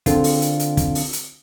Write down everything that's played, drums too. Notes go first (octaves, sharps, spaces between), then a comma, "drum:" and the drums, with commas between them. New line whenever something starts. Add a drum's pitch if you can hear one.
D3 C4 F4, drum: kick, hi-hat
drum: open hi-hat
drum: hi-hat
drum: hi-hat
drum: kick, hi-hat
drum: open hi-hat
drum: hi-hat